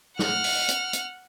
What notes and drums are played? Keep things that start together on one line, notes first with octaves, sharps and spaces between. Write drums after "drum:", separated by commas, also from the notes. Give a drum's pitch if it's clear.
F#5 F6, drum: snare
drum: open hi-hat
drum: hi-hat
drum: hi-hat